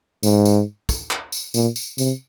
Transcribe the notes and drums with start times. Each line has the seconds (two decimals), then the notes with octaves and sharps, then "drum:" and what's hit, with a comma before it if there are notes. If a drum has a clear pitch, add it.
0.23 G#2, drum: tambourine
0.45 drum: tambourine
0.89 drum: kick, tambourine
1.11 drum: clap
1.32 drum: tambourine
1.54 A#2, drum: tambourine
1.76 drum: tambourine
1.98 C3, drum: tambourine